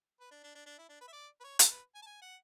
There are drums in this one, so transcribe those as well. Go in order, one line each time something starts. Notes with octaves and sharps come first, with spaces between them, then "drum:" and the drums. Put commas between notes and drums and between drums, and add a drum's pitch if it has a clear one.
B4
D4
D4
D4
D4
E4
D4
B4
E5
D5
B4
C#5
A4, drum: hi-hat
B4
G#5
A5
G#5
F#5